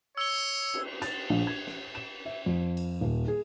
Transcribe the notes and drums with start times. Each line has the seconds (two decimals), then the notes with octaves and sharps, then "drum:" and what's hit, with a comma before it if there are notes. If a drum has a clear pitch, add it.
0.18 C#5 E6 G7
0.74 drum: cymbal
1.02 A6, drum: hi-hat
1.30 A#1
1.47 G#6
1.67 drum: snare
1.95 E7
2.25 E5
2.46 F2
2.77 drum: cymbal
3.01 D#1
3.28 G#4